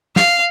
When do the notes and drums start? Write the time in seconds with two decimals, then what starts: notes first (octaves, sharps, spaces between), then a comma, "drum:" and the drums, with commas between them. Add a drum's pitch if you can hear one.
0.16 F5, drum: snare